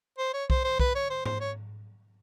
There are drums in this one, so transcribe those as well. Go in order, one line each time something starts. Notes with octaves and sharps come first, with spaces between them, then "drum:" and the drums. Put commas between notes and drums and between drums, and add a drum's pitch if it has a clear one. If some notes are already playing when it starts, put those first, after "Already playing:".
C5
C#5
C5, drum: kick B1
C5
B4, drum: kick B1
C#5
C5
C5, drum: tom G#2
C#5